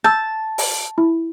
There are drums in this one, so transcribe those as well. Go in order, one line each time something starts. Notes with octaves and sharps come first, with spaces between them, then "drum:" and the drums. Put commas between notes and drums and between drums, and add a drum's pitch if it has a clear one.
A5 E6 G6
drum: open hi-hat
E4